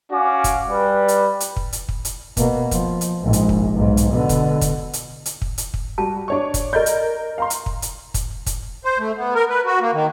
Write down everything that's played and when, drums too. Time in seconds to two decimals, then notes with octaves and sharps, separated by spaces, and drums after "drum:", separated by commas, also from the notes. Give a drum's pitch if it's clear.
0.12 C#4 F#4 F5 D6
0.44 drum: kick, hi-hat
0.68 G3 B4
1.08 drum: hi-hat
1.40 drum: hi-hat
1.57 drum: kick
1.73 drum: hi-hat
1.89 drum: kick
2.05 drum: hi-hat
2.37 B2 A#3, drum: kick, hi-hat
2.71 F3, drum: kick, hi-hat
3.01 drum: hi-hat
3.22 A#1 G#2
3.33 drum: hi-hat
3.49 drum: kick
3.74 B1 G#2
3.97 drum: hi-hat
4.12 B2 D3
4.29 drum: kick, hi-hat
4.61 drum: kick, hi-hat
4.93 drum: hi-hat
5.26 drum: hi-hat
5.42 drum: kick
5.58 drum: hi-hat
5.74 drum: kick
5.98 G3 F#4 A5
6.28 D4 C#5 C#6
6.54 drum: kick, hi-hat
6.73 A#4 D5 D#5 G6
6.86 drum: hi-hat
7.38 F5 A#5 C6
7.50 drum: hi-hat
7.66 drum: kick
7.82 drum: hi-hat
8.14 drum: kick, hi-hat
8.46 drum: kick, hi-hat
8.85 C5
8.98 A3
9.17 B3
9.35 A#4
9.49 B4
9.65 F#4
9.81 A#3
9.93 D#3